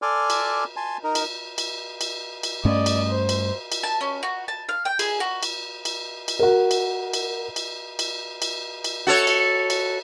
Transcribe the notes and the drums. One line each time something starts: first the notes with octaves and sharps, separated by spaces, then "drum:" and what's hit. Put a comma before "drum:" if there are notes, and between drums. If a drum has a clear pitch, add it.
A4 D5 G#5 C6 D6 F6
drum: cymbal
G#5 A5 C6
D#4 A#4
drum: cymbal
drum: cymbal
drum: cymbal
drum: cymbal
G2 A3 C#4 D5 D#5
drum: cymbal
C5
drum: cymbal
drum: cymbal
A5
C#4
F#4
A5
F5
G5
G#4, drum: cymbal
F#4
drum: cymbal
drum: cymbal
drum: cymbal
F#4 A#4
drum: cymbal
drum: cymbal
drum: cymbal
drum: cymbal
drum: cymbal
drum: cymbal
F#4 A4 C#5
drum: cymbal
drum: cymbal